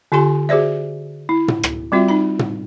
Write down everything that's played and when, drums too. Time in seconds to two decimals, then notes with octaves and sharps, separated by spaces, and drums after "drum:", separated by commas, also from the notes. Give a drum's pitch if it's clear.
0.12 D3 F4 G4 G#5 C6
0.49 F#4 G#4 C5 D5 E5
1.29 E4
1.48 drum: tom
1.63 drum: rim click
1.92 G3 C4 F4 F#4 E5
2.08 D#4 B5
2.39 drum: tom